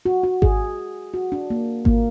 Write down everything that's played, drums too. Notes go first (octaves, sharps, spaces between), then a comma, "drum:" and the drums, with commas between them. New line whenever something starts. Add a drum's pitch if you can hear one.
F#4
F#4
G#4, drum: kick G#1
F#4
D4
A#3
A#3, drum: kick G#1